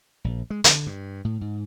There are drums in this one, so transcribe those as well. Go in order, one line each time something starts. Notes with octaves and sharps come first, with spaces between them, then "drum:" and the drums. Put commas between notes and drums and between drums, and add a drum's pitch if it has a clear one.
A#1
G#3
D3, drum: hi-hat
G2
A2
G#2